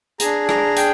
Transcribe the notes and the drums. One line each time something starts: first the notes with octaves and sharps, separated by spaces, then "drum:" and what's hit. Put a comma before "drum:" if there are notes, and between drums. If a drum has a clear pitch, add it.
D4 G#4 A#5, drum: hi-hat
A#5, drum: rim click
G5, drum: hi-hat